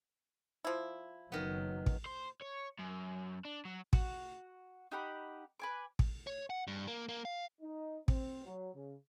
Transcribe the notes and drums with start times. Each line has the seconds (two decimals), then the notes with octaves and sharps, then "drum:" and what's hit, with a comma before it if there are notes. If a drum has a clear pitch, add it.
0.64 F3 E4
1.32 F#1 D#3 F#3 B3
1.86 drum: kick
2.05 C5
2.41 C#5
2.79 F#2
3.45 D4
3.65 F#3
3.93 F#4, drum: kick
4.92 D#4 G4 F#5 B5
5.60 B4 G#5 D6
5.99 drum: kick
6.27 C#5
6.50 F#5
6.67 G2
6.87 A#3
7.09 A#3
7.25 F5
7.61 D#4
8.08 C4, drum: kick
8.45 F#3
8.74 C#3